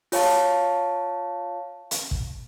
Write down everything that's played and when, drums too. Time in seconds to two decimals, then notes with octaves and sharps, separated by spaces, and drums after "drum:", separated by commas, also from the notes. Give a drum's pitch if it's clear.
0.12 F4 C#5 F5 A5, drum: open hi-hat
1.91 drum: hi-hat
2.11 drum: kick